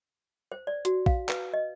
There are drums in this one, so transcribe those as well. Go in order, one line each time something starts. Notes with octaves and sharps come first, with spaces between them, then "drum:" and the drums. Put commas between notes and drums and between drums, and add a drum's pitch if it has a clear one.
C5
D5
F#4, drum: hi-hat
F5, drum: kick
B4, drum: clap
D#5